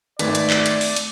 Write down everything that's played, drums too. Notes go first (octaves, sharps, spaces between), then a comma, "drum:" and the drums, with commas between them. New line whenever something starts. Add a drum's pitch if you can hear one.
G#1 A3 B4 D5 B6, drum: hi-hat
drum: hi-hat
drum: clap
drum: hi-hat
drum: open hi-hat
drum: hi-hat